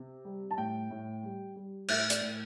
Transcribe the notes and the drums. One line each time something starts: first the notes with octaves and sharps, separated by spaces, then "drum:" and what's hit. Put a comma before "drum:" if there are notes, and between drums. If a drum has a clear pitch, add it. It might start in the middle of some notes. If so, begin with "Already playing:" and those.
Already playing: C3
G3
A5
A2 G5
A2
G3
G3
A2 E5, drum: cymbal
D5, drum: hi-hat
A2